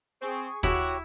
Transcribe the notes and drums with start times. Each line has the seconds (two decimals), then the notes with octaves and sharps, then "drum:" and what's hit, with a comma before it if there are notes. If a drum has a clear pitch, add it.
0.22 C4 G#4 G#5 C#6
0.63 E4 F#4 G4 C#5, drum: kick